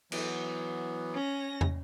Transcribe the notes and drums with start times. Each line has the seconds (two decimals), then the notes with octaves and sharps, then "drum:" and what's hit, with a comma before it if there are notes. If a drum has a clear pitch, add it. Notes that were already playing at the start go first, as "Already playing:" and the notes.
0.12 E3 F#3 B3, drum: cymbal
1.14 C#4 A#6
1.61 drum: tom